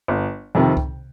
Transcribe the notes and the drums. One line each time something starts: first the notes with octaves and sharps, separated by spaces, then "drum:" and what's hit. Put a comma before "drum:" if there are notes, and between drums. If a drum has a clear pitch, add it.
G1
F2 C3 D#3
drum: kick C2